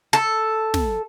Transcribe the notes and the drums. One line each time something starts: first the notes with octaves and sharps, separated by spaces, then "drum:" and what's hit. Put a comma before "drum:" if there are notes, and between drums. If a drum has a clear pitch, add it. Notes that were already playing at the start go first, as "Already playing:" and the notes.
A4
drum: snare